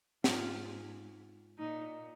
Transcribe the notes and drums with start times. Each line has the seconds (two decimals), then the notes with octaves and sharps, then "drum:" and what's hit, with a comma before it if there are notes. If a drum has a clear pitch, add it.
0.24 G#2 F4, drum: snare
1.58 A#2 D#4